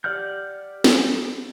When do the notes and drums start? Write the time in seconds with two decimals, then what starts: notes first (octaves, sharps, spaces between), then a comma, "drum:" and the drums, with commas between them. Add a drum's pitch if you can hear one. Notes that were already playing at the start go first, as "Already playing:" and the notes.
0.04 G4 D5 F#5 F6 G6
0.84 drum: snare